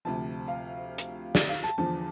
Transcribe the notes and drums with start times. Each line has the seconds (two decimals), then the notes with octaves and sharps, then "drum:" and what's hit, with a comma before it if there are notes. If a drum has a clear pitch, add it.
0.05 D2 C3 F3 A5
0.48 F5
0.98 drum: hi-hat
1.35 D5, drum: snare
1.49 F5
1.63 A5
1.78 E2 D3 F3 A5